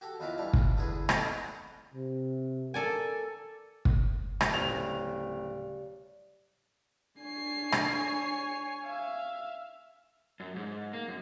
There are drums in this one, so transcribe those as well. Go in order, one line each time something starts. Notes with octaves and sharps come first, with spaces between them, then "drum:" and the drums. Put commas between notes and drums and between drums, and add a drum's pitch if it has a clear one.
F#4 G4 A4
E2 D#3 F4 F#4 E5 D6
E3 G3 D4 F4
drum: kick
E2 D3 G#4 B4 C#5
G#3 A3 B3 C4 D4, drum: rim click
F#5 A#5
C3
A4 A#4 D5 G#5
drum: kick
drum: rim click
D1 C#3 G3 F7
D4 C#5 G#5 C7
drum: rim click
E5 F5
F#2
G#2
A#3
F#2